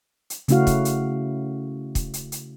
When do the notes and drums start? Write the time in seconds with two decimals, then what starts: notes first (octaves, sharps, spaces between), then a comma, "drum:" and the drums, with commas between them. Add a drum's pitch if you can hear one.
0.30 drum: hi-hat
0.48 C#3 A3 C#4 E4 F#4 F5, drum: hi-hat
0.67 drum: kick, hi-hat
0.85 drum: hi-hat
1.95 drum: kick, hi-hat
2.14 drum: hi-hat
2.32 drum: hi-hat